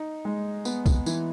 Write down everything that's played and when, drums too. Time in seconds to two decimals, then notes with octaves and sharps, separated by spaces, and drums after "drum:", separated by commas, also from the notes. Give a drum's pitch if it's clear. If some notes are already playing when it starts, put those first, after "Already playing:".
Already playing: D#4
0.25 G#3
0.65 B3, drum: tambourine
0.86 drum: kick B1, tambourine
1.06 E3, drum: tambourine